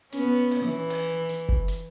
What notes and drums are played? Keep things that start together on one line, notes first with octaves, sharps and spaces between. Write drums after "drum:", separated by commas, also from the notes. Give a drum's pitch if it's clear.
B3 C#4, drum: hi-hat
drum: open hi-hat
E3
drum: open hi-hat
drum: hi-hat
drum: kick F#1
drum: hi-hat